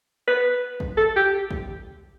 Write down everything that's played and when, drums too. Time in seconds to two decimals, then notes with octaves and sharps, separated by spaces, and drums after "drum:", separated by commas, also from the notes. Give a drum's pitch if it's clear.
0.27 B4
0.80 drum: kick
0.97 A4
1.16 G4
1.51 drum: kick